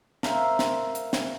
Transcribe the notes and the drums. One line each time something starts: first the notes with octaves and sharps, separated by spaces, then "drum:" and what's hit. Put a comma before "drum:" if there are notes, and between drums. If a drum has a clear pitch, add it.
A#4 C5 E5 F5, drum: snare
drum: snare
drum: hi-hat
drum: snare